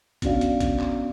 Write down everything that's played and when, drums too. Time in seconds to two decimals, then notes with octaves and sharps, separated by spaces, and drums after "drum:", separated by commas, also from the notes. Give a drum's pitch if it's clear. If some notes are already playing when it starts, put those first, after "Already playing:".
0.22 B3 C#4 D4 F#4 D5 F5, drum: kick A1, hi-hat
0.41 drum: hi-hat
0.60 drum: kick A1, hi-hat
0.80 drum: clap